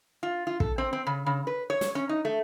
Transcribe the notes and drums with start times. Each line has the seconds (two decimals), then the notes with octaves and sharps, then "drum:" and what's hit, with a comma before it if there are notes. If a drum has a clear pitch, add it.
0.23 F4
0.47 F4
0.60 A4, drum: kick
0.78 C4
0.93 C4
1.07 C#3
1.26 C#3
1.47 B4
1.70 C#5
1.81 drum: snare
1.95 C#4
2.09 D#4
2.25 A3